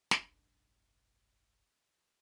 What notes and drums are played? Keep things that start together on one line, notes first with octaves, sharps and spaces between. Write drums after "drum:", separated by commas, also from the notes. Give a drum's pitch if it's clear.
F#1 B1 G#2 D4, drum: snare